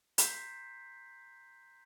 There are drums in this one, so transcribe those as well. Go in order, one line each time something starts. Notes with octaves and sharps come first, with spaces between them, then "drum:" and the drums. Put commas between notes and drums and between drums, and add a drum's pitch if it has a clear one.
A#5 C6 G6 B6 C7, drum: hi-hat